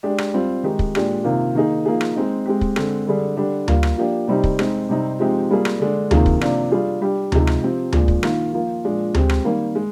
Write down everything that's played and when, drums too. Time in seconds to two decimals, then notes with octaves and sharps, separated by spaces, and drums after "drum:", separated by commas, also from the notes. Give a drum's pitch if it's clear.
0.03 G#3 D4 G4
0.18 drum: rim click
0.34 G3 C4 F4
0.63 D#3 G#3 D#4 G4
0.79 drum: kick
0.95 A#2 G#3 D4 G4, drum: rim click
1.24 C3 D#3 A#3 F4
1.55 D#3 A#3 D#4 G#4
1.86 F3 A#3 D#4 G#4
2.01 drum: rim click
2.16 G#3 C4 D#4
2.46 G#3 C4 G4
2.61 drum: kick
2.76 D3 G#3 C4, drum: rim click
3.07 D3 G3 D4 G#4
3.37 D3 G3 D4 G4
3.68 G3 A#3 F4, drum: tom D2
3.83 drum: rim click
3.98 F3 A#3 D4 G4
4.28 C3 G3 C4 D#4 G4
4.44 drum: kick
4.59 G#3 C4 D#4, drum: rim click
4.89 C3 G3 C4 D#4
5.19 F3 G#3 C4 D#4 G4
5.50 G3 A#3 F4 G#4
5.65 drum: rim click
5.80 D3 G#3 D4
6.11 C3 D#3 A#3 F4 G#4, drum: tom D2
6.26 drum: kick
6.41 C3 F3 A#3 D4, drum: rim click
6.71 G3 D4 F4 G#4
7.01 G3 D4 G4
7.32 C3 F3 G#3 D#4 G#4, drum: tom D2
7.47 drum: rim click
7.62 F3 C4 G4
7.92 A#2 F3 G#3 D4, drum: tom D2
8.08 drum: kick
8.23 D#3 A#3 F4, drum: rim click
8.53 F3 A#3 F4
8.85 A#2 F3 G#3 D4
9.14 G#3 C4 G4, drum: tom D2
9.29 drum: rim click
9.45 D#3 G3 A#3
9.75 G#3